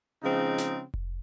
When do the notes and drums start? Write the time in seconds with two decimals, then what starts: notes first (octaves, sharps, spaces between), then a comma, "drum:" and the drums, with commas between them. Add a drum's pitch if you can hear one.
0.22 C#3 F3 G#3 C4 D#4
0.58 drum: snare
0.94 drum: kick F1